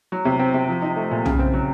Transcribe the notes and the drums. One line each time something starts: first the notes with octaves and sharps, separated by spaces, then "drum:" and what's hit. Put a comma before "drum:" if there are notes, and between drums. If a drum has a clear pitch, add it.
F#3
C3
C4
C3
F3
D#4
A3
A#2
C#3, drum: tom
C4
F#3